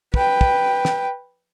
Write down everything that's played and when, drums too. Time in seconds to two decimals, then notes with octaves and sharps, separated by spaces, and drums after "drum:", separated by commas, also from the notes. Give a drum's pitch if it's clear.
0.14 B4 G5, drum: kick
0.41 drum: kick
0.85 drum: snare